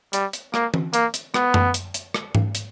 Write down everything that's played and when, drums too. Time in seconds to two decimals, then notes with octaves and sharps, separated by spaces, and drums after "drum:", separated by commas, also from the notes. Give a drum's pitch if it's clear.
0.13 G3, drum: hi-hat
0.33 drum: hi-hat
0.54 A#3, drum: rim click
0.74 drum: tom E3
0.94 A#3, drum: hi-hat
1.14 drum: hi-hat
1.34 B3, drum: rim click
1.54 drum: tom F#2
1.74 drum: hi-hat
1.94 drum: hi-hat
2.14 drum: rim click
2.35 drum: tom G#2
2.55 drum: hi-hat